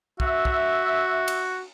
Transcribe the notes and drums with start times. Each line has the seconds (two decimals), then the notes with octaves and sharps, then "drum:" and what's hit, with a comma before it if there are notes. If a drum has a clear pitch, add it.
0.20 F#4 E5, drum: kick
0.45 drum: kick
1.28 drum: cymbal